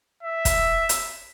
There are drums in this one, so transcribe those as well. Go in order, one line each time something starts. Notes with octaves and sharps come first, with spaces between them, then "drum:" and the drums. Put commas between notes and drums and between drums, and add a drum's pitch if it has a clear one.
E5
drum: kick, hi-hat
drum: hi-hat